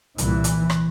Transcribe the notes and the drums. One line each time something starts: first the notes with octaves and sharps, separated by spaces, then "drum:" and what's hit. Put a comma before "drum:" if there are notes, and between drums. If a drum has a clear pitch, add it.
C2 A#2 E3, drum: hi-hat
drum: hi-hat
drum: rim click